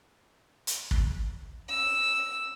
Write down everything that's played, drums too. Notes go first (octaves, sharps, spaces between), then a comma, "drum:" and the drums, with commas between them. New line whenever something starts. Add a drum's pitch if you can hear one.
drum: hi-hat
drum: kick
E6